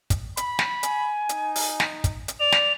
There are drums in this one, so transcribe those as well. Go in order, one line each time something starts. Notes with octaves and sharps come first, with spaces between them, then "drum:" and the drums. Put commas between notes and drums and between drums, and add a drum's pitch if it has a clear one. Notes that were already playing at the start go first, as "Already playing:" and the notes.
drum: kick, hi-hat
B5, drum: hi-hat
drum: snare
G#5, drum: hi-hat
D#4, drum: hi-hat
drum: open hi-hat
drum: snare
drum: kick, hi-hat
drum: hi-hat
D5 F7
drum: snare